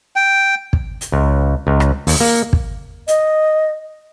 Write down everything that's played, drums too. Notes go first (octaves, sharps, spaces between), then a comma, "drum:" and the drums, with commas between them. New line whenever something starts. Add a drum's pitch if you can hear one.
G5
drum: kick
drum: hi-hat
C#2
C#2
drum: rim click
D#2, drum: open hi-hat
A#3
drum: kick
D#5, drum: hi-hat